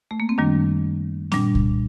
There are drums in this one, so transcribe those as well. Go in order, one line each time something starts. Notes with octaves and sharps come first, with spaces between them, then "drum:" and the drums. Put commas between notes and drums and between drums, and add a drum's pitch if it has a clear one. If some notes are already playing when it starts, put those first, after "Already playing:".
A3
A#3
C4
F#2 D#3 G3 D4
A#2 G3 D4, drum: snare C4
drum: kick C2